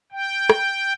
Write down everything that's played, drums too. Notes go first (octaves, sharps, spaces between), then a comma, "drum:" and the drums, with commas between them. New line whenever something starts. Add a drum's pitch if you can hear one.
G5
drum: rim click